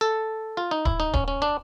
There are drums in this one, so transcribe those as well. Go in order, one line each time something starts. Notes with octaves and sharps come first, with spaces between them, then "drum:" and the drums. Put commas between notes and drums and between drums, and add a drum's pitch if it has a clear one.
A4
F4
D#4
E4, drum: kick D1
D#4
C#4, drum: kick D1
C#4
D4